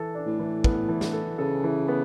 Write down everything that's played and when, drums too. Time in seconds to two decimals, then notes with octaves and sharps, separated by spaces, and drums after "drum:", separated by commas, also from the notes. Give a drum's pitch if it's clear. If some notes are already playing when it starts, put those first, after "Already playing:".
Already playing: E3 A4
0.15 D4
0.26 A2
0.40 E3
0.64 B3, drum: kick
0.89 E3
1.01 drum: snare
1.13 A4
1.38 C#3 A4
1.64 E3
1.88 B3